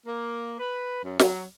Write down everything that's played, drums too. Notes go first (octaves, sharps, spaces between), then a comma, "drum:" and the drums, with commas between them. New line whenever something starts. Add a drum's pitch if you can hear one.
A#3
B4
F#2
F#3, drum: snare